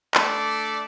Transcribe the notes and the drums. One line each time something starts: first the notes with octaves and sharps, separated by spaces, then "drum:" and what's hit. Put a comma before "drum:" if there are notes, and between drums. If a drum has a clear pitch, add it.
A3 D4 D5, drum: clap